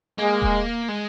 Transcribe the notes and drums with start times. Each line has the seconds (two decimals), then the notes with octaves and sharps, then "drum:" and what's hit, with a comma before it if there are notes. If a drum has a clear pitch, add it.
0.18 G#3 A#3
0.42 drum: kick D#1
0.89 G#3